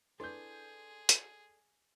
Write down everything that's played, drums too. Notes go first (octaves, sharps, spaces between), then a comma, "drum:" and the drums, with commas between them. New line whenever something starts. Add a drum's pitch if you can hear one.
D4 E4 G#4 A4 B4 D5 C6 G6
drum: hi-hat